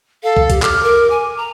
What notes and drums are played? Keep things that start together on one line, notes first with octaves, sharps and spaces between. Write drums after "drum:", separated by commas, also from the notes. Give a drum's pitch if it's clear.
A4 F5
drum: kick
G4, drum: kick, hi-hat
D6 F6, drum: clap
A#4
G#5
A#5